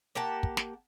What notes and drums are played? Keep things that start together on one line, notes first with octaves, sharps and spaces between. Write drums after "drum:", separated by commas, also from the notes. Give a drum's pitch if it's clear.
A#3 G4 F#5 A5
drum: kick
drum: snare